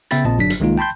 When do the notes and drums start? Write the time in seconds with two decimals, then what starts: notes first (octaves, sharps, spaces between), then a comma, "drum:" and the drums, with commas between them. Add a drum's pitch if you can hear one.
0.11 C#3 B3 E5 G5 B5 A6, drum: hi-hat
0.25 A#1 A#2 C4 D#5 A5
0.38 G1 F#3 D4 B6
0.50 drum: hi-hat
0.60 C2 D#3 G#3 A#3 D#4 F4
0.78 G5 A5 B5 C6 G6